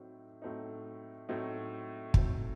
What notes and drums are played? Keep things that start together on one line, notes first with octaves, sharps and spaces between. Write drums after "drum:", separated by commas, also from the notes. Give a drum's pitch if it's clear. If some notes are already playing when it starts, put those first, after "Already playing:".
Already playing: A2 F#3 A3 C4 D#4
A2 F#3 A3 C4 D#4
A2 F#3 A3 C4 D#4
A2 F#3 A3 C4 D#4, drum: kick